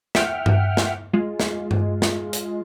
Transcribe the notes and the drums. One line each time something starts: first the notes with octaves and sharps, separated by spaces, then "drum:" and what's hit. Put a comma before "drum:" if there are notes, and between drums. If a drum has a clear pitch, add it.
E5 F#5 G5 F6, drum: snare
drum: tom G2
drum: snare
G#3 F4
drum: snare
drum: tom G2
drum: snare
drum: hi-hat